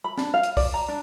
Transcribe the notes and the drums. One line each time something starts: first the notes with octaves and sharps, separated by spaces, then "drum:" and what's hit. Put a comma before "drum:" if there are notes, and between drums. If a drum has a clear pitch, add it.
B5
D4, drum: snare C4
F5
drum: hi-hat
D5, drum: kick, open hi-hat
A#5
D4